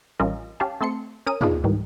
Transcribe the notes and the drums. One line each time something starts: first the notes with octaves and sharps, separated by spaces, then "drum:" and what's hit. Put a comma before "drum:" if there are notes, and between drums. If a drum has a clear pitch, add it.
A1 G3 C#4 F4 A#4 D#5
C#4 G4 F5 A5
A3 C4 A5 C6 C#7
C#4 A#4 D#6 D#7
A#3 B3 D4 D#4 F4 G#4, drum: tom
G#2 D#3 E3 G3